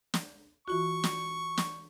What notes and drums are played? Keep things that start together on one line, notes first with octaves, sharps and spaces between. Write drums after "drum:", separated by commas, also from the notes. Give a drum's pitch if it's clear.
drum: snare
E3 F4 F#4 C#6
drum: snare
drum: snare